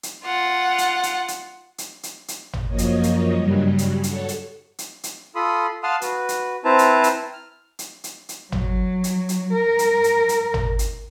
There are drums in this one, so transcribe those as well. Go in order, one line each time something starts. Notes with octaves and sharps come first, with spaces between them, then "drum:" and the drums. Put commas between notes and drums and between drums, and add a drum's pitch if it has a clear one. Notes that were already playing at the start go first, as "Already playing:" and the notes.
drum: hi-hat
F4 F#5
drum: hi-hat
drum: hi-hat
drum: hi-hat
drum: hi-hat
drum: hi-hat
drum: hi-hat
drum: tom G#1
F#2 F3 A#3 C#5 D#5
drum: hi-hat
drum: hi-hat
G2 C#3 F#3 G3
drum: hi-hat
A4 C#5 F#5, drum: hi-hat
drum: hi-hat
drum: hi-hat
drum: hi-hat
F4 A4 B5 C6 D#6
F5 F#5 A5 C6 D#6 F6
F#4 B4, drum: hi-hat
drum: hi-hat
C4 E4 B4 C5 A5 A#5
drum: hi-hat
drum: hi-hat
F6
drum: hi-hat
drum: hi-hat
drum: hi-hat
F#3, drum: tom G#1
drum: hi-hat
drum: hi-hat
A#4
drum: hi-hat
drum: hi-hat
drum: hi-hat
drum: tom G#1
drum: hi-hat